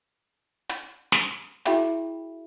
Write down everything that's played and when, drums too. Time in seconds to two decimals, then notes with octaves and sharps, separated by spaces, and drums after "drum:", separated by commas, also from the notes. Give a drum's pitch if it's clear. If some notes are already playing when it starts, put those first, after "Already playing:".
0.69 drum: hi-hat
1.12 drum: snare
1.65 E4 F#4 G#4 E5 G5 B5, drum: hi-hat